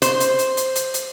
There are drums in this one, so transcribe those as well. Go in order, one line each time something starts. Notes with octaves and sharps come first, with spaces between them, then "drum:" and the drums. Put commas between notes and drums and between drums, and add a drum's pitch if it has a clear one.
C5, drum: hi-hat
drum: hi-hat
drum: hi-hat
drum: hi-hat
drum: hi-hat
drum: hi-hat